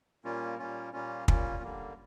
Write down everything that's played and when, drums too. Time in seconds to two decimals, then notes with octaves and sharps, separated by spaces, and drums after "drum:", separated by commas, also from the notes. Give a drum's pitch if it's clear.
0.24 A#2 G3 A#3 C#4 F4
0.59 A#2 G3 A#3 C#4 F4
0.93 A#2 G3 A#3 C#4 F4
1.28 A#2 G3 A#3 C#4 F4, drum: kick
1.63 D3 G3 A#3